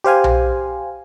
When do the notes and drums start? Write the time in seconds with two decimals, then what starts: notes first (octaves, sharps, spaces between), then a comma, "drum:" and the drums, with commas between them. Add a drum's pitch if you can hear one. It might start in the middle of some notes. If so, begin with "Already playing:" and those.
0.04 G4 C5 F5 G#5
0.24 drum: tom B1